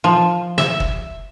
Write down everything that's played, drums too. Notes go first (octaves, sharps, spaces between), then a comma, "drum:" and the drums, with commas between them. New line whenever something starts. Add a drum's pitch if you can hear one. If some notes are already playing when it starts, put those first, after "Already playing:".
F3
E5, drum: snare
drum: kick